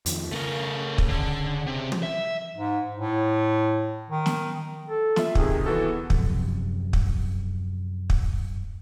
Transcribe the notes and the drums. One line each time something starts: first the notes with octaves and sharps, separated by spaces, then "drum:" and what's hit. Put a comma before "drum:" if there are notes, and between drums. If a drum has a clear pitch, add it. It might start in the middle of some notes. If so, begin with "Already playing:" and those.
F2 D#3 F3, drum: hi-hat
C#3 A3 A#4
drum: kick
D3
C3
drum: tom
E5
G#2
A2
D#3
drum: snare
A4
F4 E5, drum: snare
C3 D#3 G#4, drum: kick
E3 B3 F#4 A4
F#2 C3 F3, drum: kick
drum: kick
drum: kick